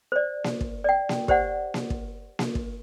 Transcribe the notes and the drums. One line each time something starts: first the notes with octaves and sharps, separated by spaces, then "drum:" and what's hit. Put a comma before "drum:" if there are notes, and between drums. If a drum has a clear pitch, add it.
C5 D5
drum: snare A#3
drum: kick
D5 G5
drum: snare A#3
G4 C5 D5 F#5, drum: kick
drum: snare A#3
drum: kick
drum: snare A#3
drum: kick